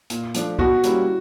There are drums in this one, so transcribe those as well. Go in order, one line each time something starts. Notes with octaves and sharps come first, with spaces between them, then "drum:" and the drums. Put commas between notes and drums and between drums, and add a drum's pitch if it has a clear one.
A#2, drum: hi-hat
F3 A3 D4, drum: hi-hat
B2 F#4, drum: kick
G3 A#3 C#4 E4, drum: hi-hat